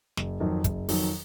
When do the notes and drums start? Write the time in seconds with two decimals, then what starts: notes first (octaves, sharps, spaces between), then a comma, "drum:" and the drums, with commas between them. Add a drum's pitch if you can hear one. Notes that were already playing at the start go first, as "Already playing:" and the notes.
0.17 F#1, drum: snare
0.40 F2 D#3 F#3
0.64 F#1, drum: kick, hi-hat
0.88 F2 D#3 F#3, drum: open hi-hat